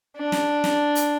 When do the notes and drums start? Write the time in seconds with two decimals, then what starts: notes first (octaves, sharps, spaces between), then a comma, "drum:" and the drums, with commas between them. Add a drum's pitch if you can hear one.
0.17 D4
0.32 drum: snare
0.64 drum: snare
0.95 drum: hi-hat